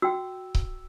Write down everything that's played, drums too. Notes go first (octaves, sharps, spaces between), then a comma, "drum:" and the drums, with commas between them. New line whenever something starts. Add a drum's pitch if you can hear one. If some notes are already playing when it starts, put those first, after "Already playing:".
F#4 G5 E6
drum: kick C#1